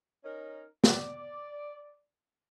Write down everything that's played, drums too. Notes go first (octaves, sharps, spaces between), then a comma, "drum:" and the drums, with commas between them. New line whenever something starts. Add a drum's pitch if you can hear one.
C#4 D#4 A#4
D5, drum: snare